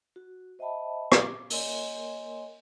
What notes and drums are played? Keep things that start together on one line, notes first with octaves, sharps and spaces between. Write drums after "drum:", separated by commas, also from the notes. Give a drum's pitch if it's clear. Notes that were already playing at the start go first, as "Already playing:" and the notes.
F#4
C5 D#5 E5 G5 A5 B5
D6, drum: rim click
A#3 A#4 C#5 D#5 G#5 C6, drum: open hi-hat